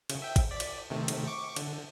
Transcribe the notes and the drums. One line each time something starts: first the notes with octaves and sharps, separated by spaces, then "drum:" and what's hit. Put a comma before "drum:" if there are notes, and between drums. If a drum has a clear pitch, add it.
C#3, drum: cymbal
E5 G5
drum: kick G#1, cymbal
D5 B6
drum: cymbal
C3 D#3 A3
drum: cymbal
C#6 D6
D3, drum: cymbal